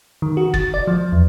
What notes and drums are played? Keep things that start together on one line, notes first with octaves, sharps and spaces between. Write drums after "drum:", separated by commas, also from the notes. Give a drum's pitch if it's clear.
D#3
F#4
A6, drum: kick F#1
D5
F3
E2